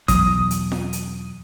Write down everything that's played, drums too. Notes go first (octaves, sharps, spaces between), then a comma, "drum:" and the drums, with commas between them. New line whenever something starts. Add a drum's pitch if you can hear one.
E2 B2 F#3 D#6, drum: kick, hi-hat
drum: hi-hat
drum: snare
drum: hi-hat